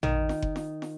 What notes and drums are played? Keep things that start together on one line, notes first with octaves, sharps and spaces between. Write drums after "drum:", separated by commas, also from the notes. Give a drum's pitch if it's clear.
D#3, drum: tom
drum: snare
drum: kick F#1
drum: snare
drum: snare